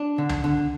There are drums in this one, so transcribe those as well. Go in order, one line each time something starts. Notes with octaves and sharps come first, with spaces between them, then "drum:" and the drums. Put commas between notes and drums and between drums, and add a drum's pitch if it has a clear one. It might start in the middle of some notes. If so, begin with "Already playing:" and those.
Already playing: D4
D3
drum: tom C#2
D3